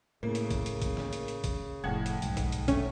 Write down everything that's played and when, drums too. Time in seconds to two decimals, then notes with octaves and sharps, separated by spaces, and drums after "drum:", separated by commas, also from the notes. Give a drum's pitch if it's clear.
0.23 A2 C#3 A#3
0.35 drum: hi-hat
0.50 drum: kick, hi-hat
0.66 drum: hi-hat
0.82 drum: kick, hi-hat
0.97 drum: snare
1.13 drum: hi-hat
1.28 drum: hi-hat
1.44 drum: kick, hi-hat
1.84 F1 F2 A2 F#5 G#6
2.06 drum: hi-hat
2.22 B1 G#2, drum: hi-hat
2.37 drum: kick, hi-hat
2.52 drum: hi-hat
2.68 A3 C#4, drum: kick, hi-hat